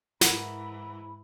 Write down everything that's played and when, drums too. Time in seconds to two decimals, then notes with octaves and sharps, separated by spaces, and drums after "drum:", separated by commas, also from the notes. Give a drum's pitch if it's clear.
0.21 G#2 E3 E4 A#4 F#5 A#5 B5, drum: snare